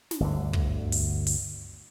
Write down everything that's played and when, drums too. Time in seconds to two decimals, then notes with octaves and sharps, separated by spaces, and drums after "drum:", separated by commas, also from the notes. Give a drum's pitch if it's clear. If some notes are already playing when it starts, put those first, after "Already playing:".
0.11 drum: snare
0.20 G1 D2 D3
0.53 drum: kick
0.92 drum: open hi-hat
1.27 drum: open hi-hat